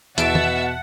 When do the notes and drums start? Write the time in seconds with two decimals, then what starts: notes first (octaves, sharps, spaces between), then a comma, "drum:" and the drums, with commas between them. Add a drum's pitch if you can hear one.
0.18 E2 B2 E5 F#5 A5 E6 D7, drum: hi-hat
0.35 drum: tom